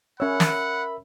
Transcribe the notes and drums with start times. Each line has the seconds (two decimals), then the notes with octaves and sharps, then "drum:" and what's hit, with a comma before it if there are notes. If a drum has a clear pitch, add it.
0.20 C#4 A#4 C#5 E5 F#5 B5 E6
0.40 drum: snare